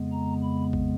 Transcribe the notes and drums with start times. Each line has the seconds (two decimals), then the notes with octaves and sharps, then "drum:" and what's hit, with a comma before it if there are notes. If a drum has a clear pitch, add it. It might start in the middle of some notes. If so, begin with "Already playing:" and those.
Already playing: F2 C#3 G#3 B3
0.12 A#5
0.42 B5
0.73 drum: kick A#1